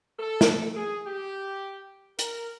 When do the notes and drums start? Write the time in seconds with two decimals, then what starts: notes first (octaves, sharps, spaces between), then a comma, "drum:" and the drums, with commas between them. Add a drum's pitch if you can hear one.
0.19 A4
0.41 drum: snare
0.75 G#4
1.04 G4
2.19 A#4, drum: hi-hat